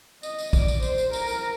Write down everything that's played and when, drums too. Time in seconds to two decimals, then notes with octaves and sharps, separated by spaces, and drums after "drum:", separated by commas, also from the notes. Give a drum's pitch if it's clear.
0.23 D#5, drum: tambourine
0.38 drum: tambourine
0.53 D5, drum: kick, tambourine
0.68 drum: tambourine
0.83 C5, drum: tambourine
0.98 drum: tambourine
1.13 A#4, drum: tambourine
1.28 drum: tambourine